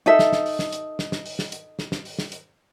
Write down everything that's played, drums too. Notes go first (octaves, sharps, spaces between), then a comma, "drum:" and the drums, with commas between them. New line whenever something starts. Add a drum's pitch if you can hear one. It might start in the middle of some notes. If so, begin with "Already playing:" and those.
D#4 A4 E5
drum: snare
drum: snare
drum: open hi-hat
drum: snare
drum: hi-hat
drum: snare
drum: snare
drum: open hi-hat
drum: snare
drum: hi-hat
drum: snare
drum: snare
drum: open hi-hat
drum: snare
drum: hi-hat